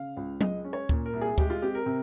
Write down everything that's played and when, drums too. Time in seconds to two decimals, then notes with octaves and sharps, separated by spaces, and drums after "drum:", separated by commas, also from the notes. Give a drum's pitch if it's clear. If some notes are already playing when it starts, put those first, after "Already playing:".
Already playing: C#3 F5
0.17 C#2
0.41 G#3 D#5, drum: tom
0.64 C#4
0.73 C#5
0.89 A#2, drum: kick D2
1.06 A#4
1.14 C2
1.21 G#4
1.38 G#3 G4, drum: kick D2
1.50 F4
1.62 C4 G4
1.75 A#4
1.86 C3